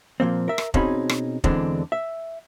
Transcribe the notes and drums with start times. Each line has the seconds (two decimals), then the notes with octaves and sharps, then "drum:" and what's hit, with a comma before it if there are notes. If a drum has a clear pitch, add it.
0.20 A#2 F3 A#3 C4
0.48 A#4 E5
0.58 drum: rim click
0.74 B2 C4 C#4 D#4 G#4 B5, drum: kick
1.09 drum: rim click
1.44 E2 D3 E3 G#3 C4 D4, drum: kick
1.92 E5